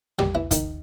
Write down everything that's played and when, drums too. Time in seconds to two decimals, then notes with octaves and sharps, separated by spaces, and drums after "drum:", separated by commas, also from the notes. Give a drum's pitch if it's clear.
0.19 G3 G4, drum: tom
0.35 E3 E4
0.51 D#3 D#4, drum: kick, hi-hat